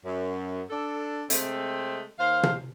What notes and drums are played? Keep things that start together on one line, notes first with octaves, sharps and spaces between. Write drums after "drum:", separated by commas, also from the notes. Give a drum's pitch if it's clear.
F#2
D4 A4
C3 G#3 A3 C4, drum: hi-hat
D#2 C5 F5
drum: tom